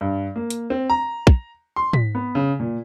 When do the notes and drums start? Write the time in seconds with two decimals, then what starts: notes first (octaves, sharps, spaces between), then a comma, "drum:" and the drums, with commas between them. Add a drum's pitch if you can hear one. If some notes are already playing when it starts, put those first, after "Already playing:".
0.01 G2
0.36 A#3
0.50 drum: hi-hat
0.70 C4
0.90 A#5
1.27 drum: kick
1.76 C6
1.93 B6, drum: tom
2.15 B3
2.35 C#3
2.60 A#2